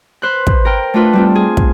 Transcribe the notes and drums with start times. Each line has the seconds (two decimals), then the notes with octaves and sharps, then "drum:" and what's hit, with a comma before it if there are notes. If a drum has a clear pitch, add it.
0.22 B4 C5 F#6
0.47 drum: kick
0.65 A#4 G5
0.94 A3 D4 F4 B4
1.13 G3 C4 F4
1.35 G#4
1.57 drum: kick